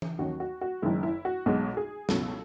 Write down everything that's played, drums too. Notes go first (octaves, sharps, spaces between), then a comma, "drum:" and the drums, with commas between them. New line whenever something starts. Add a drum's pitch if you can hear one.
drum: tom E3
D#2 D#3 F#3 C#4 F#4
F#4
F#4
F#1 F#2 D#3 G#3 E4
E4
F#4
B1 B2 G#3 F#4
G#4
C#2 B2 F#3 C#4 A4, drum: snare